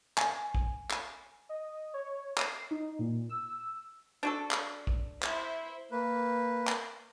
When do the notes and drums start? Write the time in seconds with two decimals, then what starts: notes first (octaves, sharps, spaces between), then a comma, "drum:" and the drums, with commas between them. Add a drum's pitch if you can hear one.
0.18 G#5, drum: clap
0.55 drum: kick
0.91 drum: clap
1.49 D#5
1.94 C#5
2.37 C7, drum: clap
2.71 D#4
2.99 A#2
3.30 E6
4.23 D4 F#4 A4
4.51 drum: clap
4.87 drum: kick
5.23 E4 C5, drum: clap
5.92 A#3 B4
6.68 drum: clap